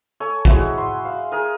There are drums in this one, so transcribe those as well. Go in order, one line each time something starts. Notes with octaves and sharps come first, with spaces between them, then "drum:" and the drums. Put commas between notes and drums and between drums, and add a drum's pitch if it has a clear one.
A4 C#5 G#5
G#3 E4 F#4, drum: kick
C6
F5
G#4 A#4 D#6